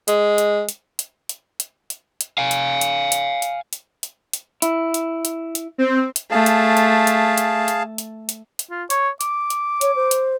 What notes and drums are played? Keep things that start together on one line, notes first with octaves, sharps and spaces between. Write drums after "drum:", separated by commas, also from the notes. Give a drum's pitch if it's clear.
G#3, drum: hi-hat
drum: hi-hat
drum: hi-hat
drum: hi-hat
drum: hi-hat
drum: hi-hat
drum: hi-hat
drum: hi-hat
F5 G#5
drum: hi-hat
drum: hi-hat
drum: hi-hat
drum: hi-hat
drum: hi-hat
drum: hi-hat
drum: hi-hat
E4, drum: hi-hat
drum: hi-hat
drum: hi-hat
drum: hi-hat
C4
drum: hi-hat
A3 G#4 F5 A5
drum: hi-hat
drum: hi-hat
drum: hi-hat
drum: hi-hat
drum: hi-hat
drum: hi-hat
drum: hi-hat
drum: hi-hat
F4
C#5, drum: hi-hat
D6, drum: hi-hat
drum: hi-hat
C#5, drum: hi-hat
C5
drum: hi-hat